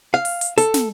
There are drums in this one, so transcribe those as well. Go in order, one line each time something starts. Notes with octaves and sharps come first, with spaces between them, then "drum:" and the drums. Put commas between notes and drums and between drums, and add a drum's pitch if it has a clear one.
F5
drum: open hi-hat
drum: hi-hat
A4, drum: hi-hat
drum: snare